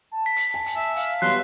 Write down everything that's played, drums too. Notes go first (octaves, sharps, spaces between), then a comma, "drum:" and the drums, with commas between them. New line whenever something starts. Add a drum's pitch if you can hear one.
A5
B6
drum: hi-hat
G#5 A5
drum: hi-hat
E5
F5, drum: hi-hat
F#3 G3 B3 C6 F#6